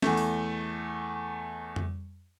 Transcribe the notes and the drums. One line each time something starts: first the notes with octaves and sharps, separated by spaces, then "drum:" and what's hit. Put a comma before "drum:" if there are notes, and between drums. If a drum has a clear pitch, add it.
E2 A3, drum: snare
drum: open hi-hat
drum: tom F2